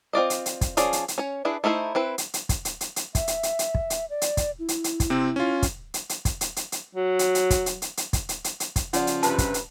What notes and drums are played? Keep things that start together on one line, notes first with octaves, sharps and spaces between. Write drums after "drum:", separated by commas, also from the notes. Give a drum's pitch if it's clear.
C4 F4 D5 D#5
drum: hi-hat
drum: hi-hat
drum: kick, hi-hat
F3 C#4 G#4 D5, drum: hi-hat
drum: hi-hat
drum: hi-hat
C#4 C#5
D4 E4 G#4 B4
A3 D#4 E4 A#4 C5
C4 E4 B4
drum: hi-hat
drum: hi-hat
drum: kick, hi-hat
drum: hi-hat
drum: hi-hat
drum: hi-hat
E5, drum: kick, hi-hat
drum: hi-hat
drum: hi-hat
drum: hi-hat
drum: kick
drum: hi-hat
D5
drum: hi-hat
drum: kick, hi-hat
E4
drum: hi-hat
drum: hi-hat
drum: kick, hi-hat
C3 C4
C#4 F4
drum: kick, hi-hat
drum: hi-hat
drum: hi-hat
drum: kick, hi-hat
drum: hi-hat
drum: hi-hat
drum: hi-hat
F#3
drum: hi-hat
drum: hi-hat
drum: kick, hi-hat
drum: hi-hat
drum: hi-hat
drum: hi-hat
drum: kick, hi-hat
drum: hi-hat
drum: hi-hat
drum: hi-hat
drum: kick, hi-hat
C#3 F3 D5 F#5, drum: hi-hat
drum: hi-hat
G2 C3 B4 A5, drum: hi-hat
drum: kick, hi-hat
drum: hi-hat